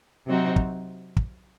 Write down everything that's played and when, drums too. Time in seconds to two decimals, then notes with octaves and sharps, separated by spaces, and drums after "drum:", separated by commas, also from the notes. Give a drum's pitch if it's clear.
0.25 C3 F#3 C4 D#4 F#4
0.56 drum: kick
1.17 drum: kick